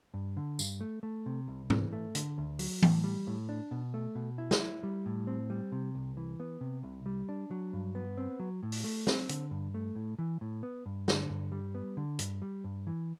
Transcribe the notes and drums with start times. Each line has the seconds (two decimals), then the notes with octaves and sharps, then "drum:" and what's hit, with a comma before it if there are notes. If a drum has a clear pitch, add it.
0.14 G2
0.37 D3
0.59 G2, drum: tambourine
0.81 A3
1.03 A3
1.26 C3
1.48 C2
1.70 E3, drum: tom G#2
1.93 A3
2.15 D3, drum: hi-hat
2.38 D2
2.59 F#3, drum: open hi-hat
2.82 A2, drum: tom E3
3.04 G3
3.27 A2
3.49 D4
3.71 B2
3.94 A3
4.15 B2
4.38 E4
4.51 drum: snare
4.60 E4
4.83 G3
5.06 A2
5.27 C4
5.50 G3
5.72 C3
5.95 C2
6.17 E3
6.40 B3
6.61 C3
6.83 C2
7.06 G3
7.29 D4
7.51 F#3
7.73 G2
7.95 B3
8.17 C4
8.40 F#3
8.63 A2
8.72 drum: open hi-hat
8.84 A3
9.07 C4, drum: snare
9.29 D3, drum: hi-hat
9.51 G2
9.74 A3
9.96 A2
10.19 E3
10.41 A2
10.63 B3
10.86 G2
11.08 D3, drum: snare
11.30 G2
11.52 G3
11.75 B3
11.97 D3
12.19 G2, drum: hi-hat
12.42 G3
12.64 G2
12.87 E3